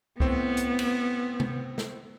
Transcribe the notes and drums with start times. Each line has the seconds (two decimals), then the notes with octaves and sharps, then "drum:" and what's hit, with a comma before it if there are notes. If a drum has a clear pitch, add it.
0.20 A2 B3 C4, drum: kick C2
0.57 drum: hi-hat
0.79 drum: cymbal
1.40 drum: tom C3
1.78 drum: snare